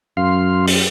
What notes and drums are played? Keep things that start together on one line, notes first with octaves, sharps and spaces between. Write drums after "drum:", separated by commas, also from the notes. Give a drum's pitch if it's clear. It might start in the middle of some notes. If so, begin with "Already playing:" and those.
F#2 F5 C6
drum: open hi-hat